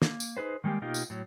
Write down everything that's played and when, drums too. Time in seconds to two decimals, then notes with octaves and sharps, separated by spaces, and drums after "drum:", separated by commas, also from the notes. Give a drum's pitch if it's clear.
0.02 A#3, drum: snare
0.20 drum: tambourine
0.37 D#4 G#4 B4 C5
0.64 D#3 G3 G#3 A#3 G4
0.82 B2 A#3 D#4 F4 G4
0.94 drum: tambourine
1.10 A2 F#3